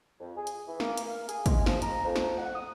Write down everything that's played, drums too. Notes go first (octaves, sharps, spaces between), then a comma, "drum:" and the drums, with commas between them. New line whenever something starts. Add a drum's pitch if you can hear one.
F2
G#4
drum: hi-hat
E3
A#3, drum: snare
drum: hi-hat
F5
G#4, drum: hi-hat
G#3, drum: kick, hi-hat
F3, drum: snare
A#5, drum: hi-hat
F2
drum: snare
F#5
D#6